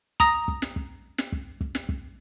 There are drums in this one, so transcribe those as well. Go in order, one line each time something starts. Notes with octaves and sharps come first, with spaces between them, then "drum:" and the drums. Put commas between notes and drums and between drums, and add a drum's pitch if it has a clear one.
A#5 D#6 A#6, drum: kick
drum: kick
drum: snare
drum: kick
drum: snare
drum: kick
drum: kick
drum: snare
drum: kick